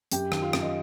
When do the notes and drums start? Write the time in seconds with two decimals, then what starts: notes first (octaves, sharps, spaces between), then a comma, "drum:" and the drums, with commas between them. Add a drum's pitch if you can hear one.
0.12 F#2 G4 G5, drum: hi-hat
0.32 D#3, drum: rim click
0.42 F4 F5
0.53 F#2, drum: rim click
0.62 D#5